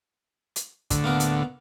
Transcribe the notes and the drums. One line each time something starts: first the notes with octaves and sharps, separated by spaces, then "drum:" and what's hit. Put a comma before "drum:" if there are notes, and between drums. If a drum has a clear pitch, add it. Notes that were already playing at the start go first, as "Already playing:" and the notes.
drum: hi-hat
D2 A2 D3, drum: kick, hi-hat
A#3 B3 A#4
drum: hi-hat